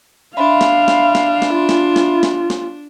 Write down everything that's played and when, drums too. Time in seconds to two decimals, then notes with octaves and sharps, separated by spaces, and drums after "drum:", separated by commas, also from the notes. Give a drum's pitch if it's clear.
0.37 D4 E5 F5 B5 C6
0.61 drum: snare
0.88 drum: snare
1.15 drum: snare
1.42 drum: snare
1.55 F4
1.69 drum: snare
1.96 drum: snare
2.23 drum: snare
2.50 drum: snare